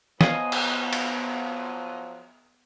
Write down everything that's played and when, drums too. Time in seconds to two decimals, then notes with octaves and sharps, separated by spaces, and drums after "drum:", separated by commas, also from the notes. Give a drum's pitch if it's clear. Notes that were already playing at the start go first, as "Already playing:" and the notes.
0.21 F3 F#3 B3 F4 D#5 F5 G#5 D#6, drum: snare
0.52 drum: cymbal
0.93 drum: cymbal